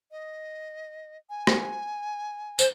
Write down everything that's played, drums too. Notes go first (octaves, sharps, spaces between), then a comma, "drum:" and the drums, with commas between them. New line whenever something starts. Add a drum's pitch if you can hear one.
D#5
G#5
drum: rim click
C5, drum: tambourine